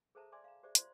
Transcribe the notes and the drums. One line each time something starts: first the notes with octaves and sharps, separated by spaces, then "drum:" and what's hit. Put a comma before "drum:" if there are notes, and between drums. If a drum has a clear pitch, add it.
G#4 A4 C5 E5 A5 A#5
D5 E5 G#5 C6 D6
F5 A#5
G4 G#4 C5 D5 E5
F4 C5 D5 C6, drum: hi-hat